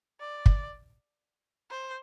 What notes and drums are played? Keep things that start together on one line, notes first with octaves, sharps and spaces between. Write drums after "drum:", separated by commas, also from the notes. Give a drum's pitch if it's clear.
D5
drum: kick
C5